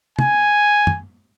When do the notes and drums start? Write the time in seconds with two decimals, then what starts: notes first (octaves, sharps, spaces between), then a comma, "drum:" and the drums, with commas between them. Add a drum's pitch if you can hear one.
0.19 G#5, drum: tom
0.87 drum: tom